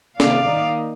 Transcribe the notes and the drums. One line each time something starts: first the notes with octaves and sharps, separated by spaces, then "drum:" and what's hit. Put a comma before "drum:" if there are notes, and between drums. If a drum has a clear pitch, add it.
C3 D#3 A#3 D5 F5, drum: snare
D#3 A#3 D#4